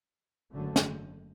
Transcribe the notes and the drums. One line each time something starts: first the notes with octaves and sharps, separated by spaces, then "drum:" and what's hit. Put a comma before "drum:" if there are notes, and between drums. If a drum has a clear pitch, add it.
F#1 F#2 D3 F#3 A3
drum: snare